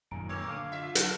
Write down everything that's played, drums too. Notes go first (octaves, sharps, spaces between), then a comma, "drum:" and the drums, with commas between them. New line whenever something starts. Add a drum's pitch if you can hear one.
F#2 A#2 D#3 G#5 A#5 D7
A3 C#5 C#6 E6
D3 F5 D6
F4 E5
F#3 A4 B4 F#5 G#6, drum: hi-hat